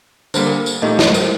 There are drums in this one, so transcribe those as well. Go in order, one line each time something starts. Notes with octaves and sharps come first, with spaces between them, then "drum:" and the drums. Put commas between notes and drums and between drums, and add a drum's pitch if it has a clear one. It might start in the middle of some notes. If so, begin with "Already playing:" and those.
D3 G3 A#3 C5, drum: tambourine
A#4
drum: tambourine
A#2 A3 D#4 G4 D#5
A4, drum: snare
C5
A#4, drum: tambourine